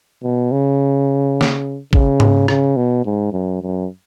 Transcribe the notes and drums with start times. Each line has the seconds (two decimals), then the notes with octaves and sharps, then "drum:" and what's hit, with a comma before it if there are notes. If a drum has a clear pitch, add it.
0.23 B2
0.52 C#3
1.41 drum: snare
1.93 C#3, drum: kick
2.20 drum: tom G#2
2.48 C#3, drum: rim click
2.76 B2
3.05 G#2
3.32 F#2
3.62 F#2